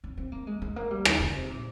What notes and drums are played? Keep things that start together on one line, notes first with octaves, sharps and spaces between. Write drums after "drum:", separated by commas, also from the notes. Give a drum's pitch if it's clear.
C4
C4
A#3
G#3
G#3
A#3
G3
D#3, drum: rim click
C#3
C3
A#2